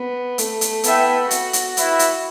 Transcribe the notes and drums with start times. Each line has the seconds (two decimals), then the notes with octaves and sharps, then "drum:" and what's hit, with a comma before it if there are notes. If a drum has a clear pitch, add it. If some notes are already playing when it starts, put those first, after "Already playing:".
Already playing: B3
0.38 A3, drum: hi-hat
0.61 drum: hi-hat
0.84 B3 E4 A4 E5 G5, drum: hi-hat
1.31 F#4, drum: hi-hat
1.53 drum: hi-hat
1.77 E4 B4 E5, drum: hi-hat
1.99 drum: hi-hat